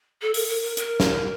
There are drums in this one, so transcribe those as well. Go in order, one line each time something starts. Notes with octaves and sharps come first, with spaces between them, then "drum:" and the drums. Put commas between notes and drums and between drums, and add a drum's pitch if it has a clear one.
A4
A#4, drum: open hi-hat
A#4
A#4
A#4, drum: hi-hat
drum: snare